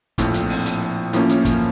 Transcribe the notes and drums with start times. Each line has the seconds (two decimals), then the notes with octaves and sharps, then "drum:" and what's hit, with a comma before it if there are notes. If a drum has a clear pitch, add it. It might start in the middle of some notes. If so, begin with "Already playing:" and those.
0.18 A#1 A2 F3 C4, drum: kick, hi-hat
0.34 drum: hi-hat
0.50 drum: open hi-hat
0.66 drum: hi-hat
1.13 A2 F3 A#3 C#4, drum: hi-hat
1.29 drum: hi-hat
1.45 drum: kick, hi-hat